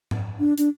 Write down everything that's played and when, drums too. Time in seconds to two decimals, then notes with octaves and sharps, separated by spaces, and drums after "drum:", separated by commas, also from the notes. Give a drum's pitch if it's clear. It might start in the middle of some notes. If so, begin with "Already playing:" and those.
0.11 drum: tom G#2
0.39 D4
0.58 D4, drum: hi-hat